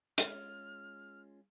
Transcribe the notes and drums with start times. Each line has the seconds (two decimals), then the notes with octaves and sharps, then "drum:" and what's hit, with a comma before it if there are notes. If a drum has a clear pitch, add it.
0.18 G#3 C#4 F4 F6, drum: hi-hat